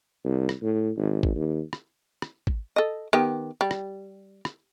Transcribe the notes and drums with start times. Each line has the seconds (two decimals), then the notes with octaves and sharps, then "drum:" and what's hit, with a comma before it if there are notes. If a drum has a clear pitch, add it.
0.24 C2
0.49 drum: rim click
0.62 A2
0.97 G#1
1.23 drum: kick G#1
1.36 D#2
1.73 drum: rim click
2.22 drum: rim click
2.47 drum: kick G#1
2.76 A4 D#5
3.13 D#3 B3 G4
3.61 G3
3.71 drum: rim click
4.45 drum: rim click